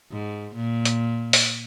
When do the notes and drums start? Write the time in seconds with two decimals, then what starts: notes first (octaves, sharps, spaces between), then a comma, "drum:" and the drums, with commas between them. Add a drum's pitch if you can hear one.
0.12 G#2
0.55 A#2
0.85 drum: hi-hat
1.33 drum: open hi-hat